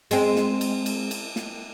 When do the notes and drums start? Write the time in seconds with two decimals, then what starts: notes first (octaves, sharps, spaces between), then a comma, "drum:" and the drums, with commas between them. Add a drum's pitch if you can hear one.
0.11 G#3 C4, drum: cymbal
0.36 drum: snare
0.61 drum: cymbal
0.86 drum: cymbal
1.11 drum: cymbal
1.36 drum: snare